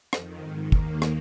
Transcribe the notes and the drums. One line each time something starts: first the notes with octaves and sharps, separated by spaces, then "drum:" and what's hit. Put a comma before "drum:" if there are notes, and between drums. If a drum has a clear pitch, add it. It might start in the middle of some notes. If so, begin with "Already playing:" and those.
F2 D#3, drum: rim click
G#2 D#3
D#2 D#3 A#3, drum: kick
drum: rim click